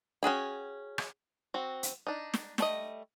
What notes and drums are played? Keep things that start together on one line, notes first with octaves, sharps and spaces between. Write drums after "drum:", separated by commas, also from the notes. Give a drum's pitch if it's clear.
C#4 F#4 G#4 G5
drum: rim click
C4 F#4
drum: hi-hat
D4 D#4
drum: snare
G3 A3 D#5, drum: snare